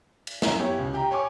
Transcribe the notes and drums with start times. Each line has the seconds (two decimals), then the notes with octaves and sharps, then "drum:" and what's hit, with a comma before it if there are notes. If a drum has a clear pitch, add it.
0.27 drum: cymbal
0.42 F#2 E4 A#5, drum: snare
0.59 B3 E4 G4 C#5
0.79 C#2
0.93 G4 G5 A#5
1.11 C#5 G#5 C#6 D6